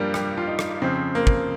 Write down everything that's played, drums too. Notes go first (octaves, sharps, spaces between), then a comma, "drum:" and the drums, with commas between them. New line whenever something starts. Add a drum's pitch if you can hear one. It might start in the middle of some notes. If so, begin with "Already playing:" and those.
Already playing: G2 F3 G3 A#3
G3, drum: rim click
F4
D#4
drum: rim click
F2 C#3 F3 C4
A#3
drum: kick